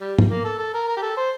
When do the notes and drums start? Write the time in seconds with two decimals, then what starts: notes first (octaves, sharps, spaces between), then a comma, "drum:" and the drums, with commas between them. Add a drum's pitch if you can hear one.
0.01 G3
0.19 drum: tom
0.30 A#3
0.44 A4
0.59 A4
0.74 A#4
0.88 A#4
0.97 G4
1.02 A4
1.17 C5